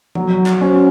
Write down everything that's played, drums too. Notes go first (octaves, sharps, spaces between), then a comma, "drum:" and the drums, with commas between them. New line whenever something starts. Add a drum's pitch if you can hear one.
F#3, drum: tom
drum: clap
C#4 F#4 C5